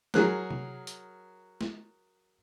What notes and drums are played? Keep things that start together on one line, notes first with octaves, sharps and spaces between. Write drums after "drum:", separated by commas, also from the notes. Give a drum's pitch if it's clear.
F#3 G#4 A#4 F#6, drum: snare
drum: tom C3
drum: hi-hat
drum: snare